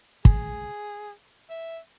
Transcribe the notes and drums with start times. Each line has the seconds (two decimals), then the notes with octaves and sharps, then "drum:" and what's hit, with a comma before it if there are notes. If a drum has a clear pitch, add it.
0.25 G#4, drum: kick
1.50 E5